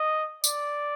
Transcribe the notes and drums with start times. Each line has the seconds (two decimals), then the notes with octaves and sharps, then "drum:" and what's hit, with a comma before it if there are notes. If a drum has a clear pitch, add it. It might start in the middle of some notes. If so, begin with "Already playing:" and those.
Already playing: D#5
0.44 D5, drum: tambourine